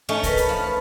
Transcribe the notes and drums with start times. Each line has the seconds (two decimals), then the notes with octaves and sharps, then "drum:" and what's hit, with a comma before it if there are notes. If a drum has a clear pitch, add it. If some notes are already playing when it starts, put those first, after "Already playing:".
0.09 A3 C#4 D#4
0.23 A#4 B4, drum: kick C2, hi-hat
0.37 A5 B5, drum: hi-hat
0.49 F3
0.64 B4 B5